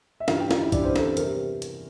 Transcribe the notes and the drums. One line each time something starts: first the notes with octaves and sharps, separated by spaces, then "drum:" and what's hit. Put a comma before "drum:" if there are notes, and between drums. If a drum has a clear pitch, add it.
E5
G2 E3 G3 F4 F5, drum: snare
G4 G5
F4 F5, drum: snare
E4 E5
G2 E3 G3 D4 D5, drum: kick B1, hi-hat
C4 C5
A4, drum: snare
C4 C5
E2 C3 G3 A#4, drum: hi-hat
drum: hi-hat